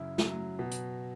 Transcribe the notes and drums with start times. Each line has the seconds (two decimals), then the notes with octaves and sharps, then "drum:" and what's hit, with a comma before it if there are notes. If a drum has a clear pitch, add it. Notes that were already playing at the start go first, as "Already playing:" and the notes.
Already playing: F#2 C#3 E4
0.18 F#3, drum: snare
0.59 B2
0.71 drum: hi-hat